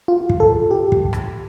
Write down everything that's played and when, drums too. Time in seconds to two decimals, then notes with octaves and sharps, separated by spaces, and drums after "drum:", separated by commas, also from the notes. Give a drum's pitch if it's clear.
0.08 F4
0.29 drum: kick
0.40 A4
0.71 G4
0.92 drum: kick
1.13 drum: rim click